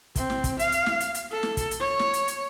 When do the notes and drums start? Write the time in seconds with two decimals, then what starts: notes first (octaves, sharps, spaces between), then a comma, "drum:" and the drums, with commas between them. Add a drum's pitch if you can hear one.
0.16 C4, drum: kick, hi-hat
0.30 drum: snare
0.44 drum: kick, hi-hat
0.59 F5, drum: hi-hat
0.72 drum: hi-hat
0.86 drum: snare
1.00 drum: hi-hat
1.15 drum: hi-hat
1.32 A4
1.43 drum: snare
1.57 drum: kick, hi-hat
1.71 drum: hi-hat
1.80 C#5
1.99 drum: snare
2.14 drum: hi-hat
2.28 drum: hi-hat